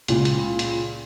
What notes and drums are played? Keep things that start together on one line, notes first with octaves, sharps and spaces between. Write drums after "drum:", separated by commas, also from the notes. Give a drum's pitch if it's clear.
C#2 A#2, drum: hi-hat
drum: hi-hat
drum: hi-hat